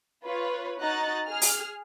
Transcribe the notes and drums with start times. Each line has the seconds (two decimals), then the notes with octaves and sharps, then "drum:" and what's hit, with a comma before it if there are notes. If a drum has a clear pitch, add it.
0.25 F4 B4 C#5
0.80 D#4 F#4 D#5 A#5 F#6 A6
1.27 G#4 F6
1.42 drum: open hi-hat